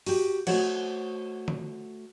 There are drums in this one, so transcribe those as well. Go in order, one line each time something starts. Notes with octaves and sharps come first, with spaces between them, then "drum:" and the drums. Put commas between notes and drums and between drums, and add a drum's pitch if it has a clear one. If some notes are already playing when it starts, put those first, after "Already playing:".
F#4 G4, drum: open hi-hat
A3 F#4 C5 C#5 F#5, drum: cymbal
drum: tom D3